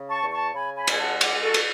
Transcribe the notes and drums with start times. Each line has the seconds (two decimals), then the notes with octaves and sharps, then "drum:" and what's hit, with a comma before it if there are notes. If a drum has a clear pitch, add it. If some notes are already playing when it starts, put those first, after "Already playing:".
Already playing: C#3
0.10 A5 C#6
0.21 E2
0.32 A5 C#6
0.54 C#3 G#5 B5
0.76 G#5 B5
0.87 G#3 G#5, drum: cymbal
0.99 F#5 A5
1.21 G#3 D5 F#5, drum: cymbal
1.43 F#4 A4
1.54 drum: cymbal